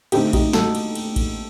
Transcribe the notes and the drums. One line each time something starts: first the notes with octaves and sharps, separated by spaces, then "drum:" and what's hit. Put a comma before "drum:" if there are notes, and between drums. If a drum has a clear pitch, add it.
D3 A3 C4 D#4 G4, drum: cymbal
D#4 G4, drum: kick A1, cymbal
F#4 A4, drum: snare
drum: cymbal
drum: cymbal
drum: kick A1, cymbal